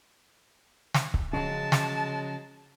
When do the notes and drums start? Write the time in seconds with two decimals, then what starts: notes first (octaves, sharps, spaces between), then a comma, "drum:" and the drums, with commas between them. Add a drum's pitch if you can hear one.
0.94 drum: snare
1.14 drum: kick C#1
1.33 C#3 F3 F#3 G#3 C#4 A5
1.72 drum: snare